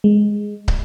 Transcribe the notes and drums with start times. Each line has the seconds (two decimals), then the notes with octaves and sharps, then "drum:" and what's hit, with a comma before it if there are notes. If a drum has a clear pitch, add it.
0.04 G#3
0.68 drum: kick